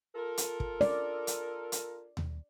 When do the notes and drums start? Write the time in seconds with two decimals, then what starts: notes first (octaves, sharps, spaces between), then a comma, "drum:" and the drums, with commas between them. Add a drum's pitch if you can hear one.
0.15 F4 A4 A#4
0.38 drum: hi-hat
0.60 drum: kick
0.81 D5, drum: snare C#4
1.27 drum: hi-hat
1.72 drum: hi-hat
2.17 drum: tom D#2